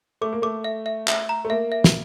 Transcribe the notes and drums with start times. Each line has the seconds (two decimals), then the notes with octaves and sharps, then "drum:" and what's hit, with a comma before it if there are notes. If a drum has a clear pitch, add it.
0.21 A3 D6
0.33 A#3
0.42 A3 D6
0.64 E5
0.86 E5
1.08 E5, drum: clap
1.29 A#5
1.45 A3
1.50 A#3 E5
1.72 E5
1.84 drum: snare